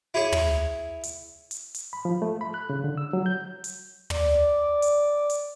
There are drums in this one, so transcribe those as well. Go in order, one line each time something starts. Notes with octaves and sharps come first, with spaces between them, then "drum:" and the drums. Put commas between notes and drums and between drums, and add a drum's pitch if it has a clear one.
E4 G#4 C#5
drum: tom
drum: hi-hat
drum: hi-hat
drum: hi-hat
B5
F3
A3
B5
F#6
C#3
D3
E6
F#3
G6
drum: hi-hat
D5, drum: tom
drum: hi-hat
drum: hi-hat